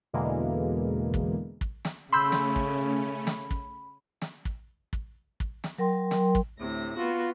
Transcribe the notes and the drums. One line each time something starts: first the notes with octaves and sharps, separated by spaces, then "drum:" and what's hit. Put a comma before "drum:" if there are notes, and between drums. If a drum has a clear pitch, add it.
E2 B2 D3 E3 G#3 A#3
drum: kick
drum: kick
drum: snare
C#3 A3 C#4 B5 C6 E6 G6
drum: snare
drum: kick
drum: snare
drum: kick
drum: snare
drum: kick
drum: kick
drum: kick
drum: snare
F#3 A#4 G5 C6
drum: snare
drum: kick
D2 A2 C3 A#6
B3 F4 F#4